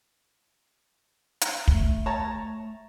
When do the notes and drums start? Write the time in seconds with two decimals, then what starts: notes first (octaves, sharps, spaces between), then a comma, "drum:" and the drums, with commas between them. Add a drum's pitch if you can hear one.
1.41 drum: hi-hat
1.68 A3, drum: kick
2.06 C#5 A5 A#5